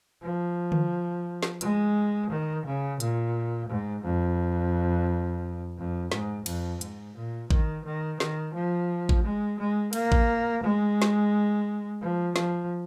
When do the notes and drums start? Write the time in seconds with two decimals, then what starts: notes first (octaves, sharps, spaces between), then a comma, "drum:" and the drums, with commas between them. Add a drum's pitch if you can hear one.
0.22 F3
0.72 drum: tom D3
1.43 drum: snare
1.61 G#3, drum: hi-hat
2.30 D#3
2.66 C#3
3.00 A#2, drum: hi-hat
3.69 G#2
4.04 F2
5.78 F2
6.12 G#2, drum: snare
6.46 F2, drum: cymbal
6.81 G#2, drum: hi-hat
7.16 A#2
7.51 D#3, drum: kick A1
7.85 D#3
8.20 D#3, drum: snare
8.54 F3
9.09 drum: kick A1
9.23 G#3
9.59 G#3
9.93 A#3, drum: cymbal
10.12 drum: kick A1
10.63 G#3
11.02 drum: snare
12.01 F3
12.36 F3, drum: snare